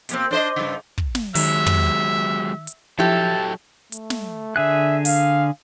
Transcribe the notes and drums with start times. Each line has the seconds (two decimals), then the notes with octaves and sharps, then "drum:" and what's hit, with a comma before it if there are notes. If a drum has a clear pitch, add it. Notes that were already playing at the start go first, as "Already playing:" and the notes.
0.09 B2 A#3 C4, drum: hi-hat
0.31 D4 C5 D#5
0.56 G2 C#3
0.98 drum: kick
1.15 drum: snare
1.35 D#3 F#3 G#3 E5, drum: open hi-hat
1.66 drum: tom
2.67 drum: hi-hat
2.99 F3 F#3 E4 G4 A4 A5
3.92 A3, drum: hi-hat
4.10 drum: snare
4.56 D3 G#4 E5 F#6
5.05 F5, drum: open hi-hat